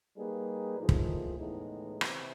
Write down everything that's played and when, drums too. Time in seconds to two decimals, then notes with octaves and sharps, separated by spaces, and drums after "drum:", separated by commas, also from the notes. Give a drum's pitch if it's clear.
0.16 G3 A#3 D#4 G#4 B4
0.78 A2 F3 A#3 D#4 G#4
0.89 drum: kick
1.39 A2 E3 G#3 B3 D#4
2.01 C3 E3, drum: rim click